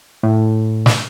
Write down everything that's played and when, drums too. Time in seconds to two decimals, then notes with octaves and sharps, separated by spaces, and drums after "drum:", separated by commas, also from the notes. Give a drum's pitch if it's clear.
0.23 A2
0.86 drum: snare